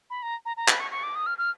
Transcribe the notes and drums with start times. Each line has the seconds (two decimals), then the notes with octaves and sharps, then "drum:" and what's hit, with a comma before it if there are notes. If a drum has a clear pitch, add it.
0.10 B5
0.23 A#5
0.46 A#5
0.57 A#5
0.68 B5, drum: clap
0.80 C#6
0.91 C#6
1.03 D6
1.15 D#6
1.26 F6
1.38 F6